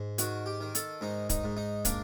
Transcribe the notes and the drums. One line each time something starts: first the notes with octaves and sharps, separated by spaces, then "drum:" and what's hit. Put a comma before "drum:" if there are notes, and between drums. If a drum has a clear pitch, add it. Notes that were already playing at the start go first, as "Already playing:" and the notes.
Already playing: G#2
D#3 F#4, drum: hi-hat
G4
D#3
A4, drum: hi-hat
G#2 D#4
D#4, drum: kick, hi-hat
G#2
D#4
A#3 D4, drum: kick, hi-hat